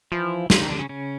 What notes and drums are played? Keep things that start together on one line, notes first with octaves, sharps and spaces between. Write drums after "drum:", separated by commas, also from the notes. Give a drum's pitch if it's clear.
E3 F3 E4
F3 F4, drum: snare
D#3 D#4
D3 D4
C#3 C#4
C#3 C#4